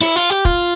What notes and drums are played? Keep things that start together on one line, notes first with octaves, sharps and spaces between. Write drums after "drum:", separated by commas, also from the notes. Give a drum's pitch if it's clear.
E4, drum: open hi-hat
F4
G4
F4, drum: kick